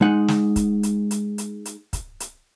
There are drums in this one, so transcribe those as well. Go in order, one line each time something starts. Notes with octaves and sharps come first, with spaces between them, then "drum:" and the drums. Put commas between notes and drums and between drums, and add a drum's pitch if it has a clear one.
G#3 D#4 F#5
drum: snare
drum: kick, hi-hat
drum: hi-hat
drum: hi-hat
drum: hi-hat
drum: hi-hat
drum: kick, hi-hat
drum: hi-hat